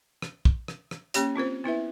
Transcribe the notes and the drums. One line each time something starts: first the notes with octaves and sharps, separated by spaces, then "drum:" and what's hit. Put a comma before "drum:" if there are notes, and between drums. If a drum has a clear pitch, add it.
drum: rim click
drum: kick
drum: rim click
drum: rim click
A#3 C#4 G4 C#5, drum: hi-hat
C4 F4 A#4 C5
B3 E4 B4 E5